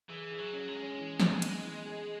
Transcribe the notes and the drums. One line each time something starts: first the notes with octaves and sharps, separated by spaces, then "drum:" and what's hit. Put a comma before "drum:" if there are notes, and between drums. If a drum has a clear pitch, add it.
E3 G#4
G#4
F#3
C#4
G#3
C#4
E3
E3, drum: snare
B3, drum: cymbal
E3
G#4